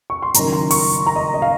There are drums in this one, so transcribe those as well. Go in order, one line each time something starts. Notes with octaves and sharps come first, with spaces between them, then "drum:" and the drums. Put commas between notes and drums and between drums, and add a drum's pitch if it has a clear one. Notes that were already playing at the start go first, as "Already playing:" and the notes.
C#6
C6
F#1 F#2 D#3 A#5, drum: hi-hat
C6
C#6, drum: open hi-hat
A#5
D#5
D#5
F5